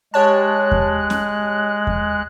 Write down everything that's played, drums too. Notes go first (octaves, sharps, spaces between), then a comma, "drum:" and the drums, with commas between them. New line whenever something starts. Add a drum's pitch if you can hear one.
G#3 G4 C#5 A5 F#6
drum: kick E2
drum: snare C#4
drum: kick E2